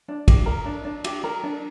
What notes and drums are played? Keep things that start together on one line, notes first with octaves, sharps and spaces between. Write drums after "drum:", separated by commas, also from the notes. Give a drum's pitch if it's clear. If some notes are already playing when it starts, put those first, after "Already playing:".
D4
G4, drum: kick, cymbal
A#4
D4
D4
G4, drum: cymbal
A#4
D4